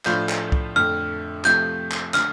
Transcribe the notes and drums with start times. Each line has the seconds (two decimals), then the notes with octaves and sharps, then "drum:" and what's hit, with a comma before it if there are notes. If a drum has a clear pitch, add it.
0.05 A2 F3 A3 D4 F4 G6, drum: clap
0.29 drum: clap
0.52 drum: kick C2
0.76 F2 D3 A3 F6
1.45 C3 F3 A3 F4 G6, drum: clap
1.91 drum: clap
2.14 D3 A3 F6, drum: clap